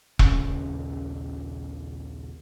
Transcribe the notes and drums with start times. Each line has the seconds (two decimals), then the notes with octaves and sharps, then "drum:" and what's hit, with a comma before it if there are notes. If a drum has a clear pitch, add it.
0.19 A#1 D#2 C#3, drum: kick E1